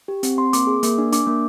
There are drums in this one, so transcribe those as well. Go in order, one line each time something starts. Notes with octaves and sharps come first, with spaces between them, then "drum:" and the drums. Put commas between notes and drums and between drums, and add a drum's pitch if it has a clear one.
G4
C4, drum: hi-hat
C4 C6
A#3 D6, drum: hi-hat
G#4
A#3, drum: hi-hat
D4
D4 D6, drum: hi-hat
A#3